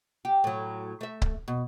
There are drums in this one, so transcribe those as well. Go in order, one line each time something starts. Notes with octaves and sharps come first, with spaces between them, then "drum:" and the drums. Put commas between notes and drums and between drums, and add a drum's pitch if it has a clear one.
G4
A2 F#3
A3 E5
drum: kick C#1
B2